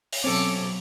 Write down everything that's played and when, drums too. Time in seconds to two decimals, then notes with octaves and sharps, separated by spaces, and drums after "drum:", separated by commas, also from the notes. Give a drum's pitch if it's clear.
0.13 drum: open hi-hat
0.24 B2 F#3 C4 C#4 A4 D6